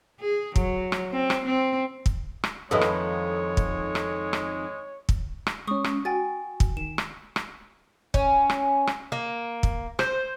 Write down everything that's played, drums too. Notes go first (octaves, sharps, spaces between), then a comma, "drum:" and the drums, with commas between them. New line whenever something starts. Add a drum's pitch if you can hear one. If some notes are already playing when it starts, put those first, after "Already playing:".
G#4
F#3, drum: kick
drum: rim click
C4
drum: rim click
C4
drum: kick
drum: rim click
F2 D#3 G#3 E4 A4 B4 C#5 D#5
drum: rim click
drum: kick
drum: rim click
drum: rim click
drum: kick
drum: rim click
G#3 C#4 C#6 D#6
drum: rim click
F#4 G5 G#5 A6
drum: kick
D#3 E7
drum: rim click
drum: rim click
C#4, drum: kick
drum: rim click
drum: rim click
A#3
drum: kick
C5, drum: rim click